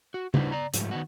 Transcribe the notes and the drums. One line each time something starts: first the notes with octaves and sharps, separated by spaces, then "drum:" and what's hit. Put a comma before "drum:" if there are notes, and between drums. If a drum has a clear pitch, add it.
F#4
G3 D4 E4 F#4 B4 C5, drum: tom C#3
D5 A#5
G#2 F3 G3 A3, drum: hi-hat
D#3 B3 F#4